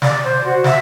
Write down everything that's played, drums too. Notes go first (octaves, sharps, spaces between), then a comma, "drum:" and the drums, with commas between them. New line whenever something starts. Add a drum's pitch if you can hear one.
D5, drum: snare
C5
F#4
E5, drum: snare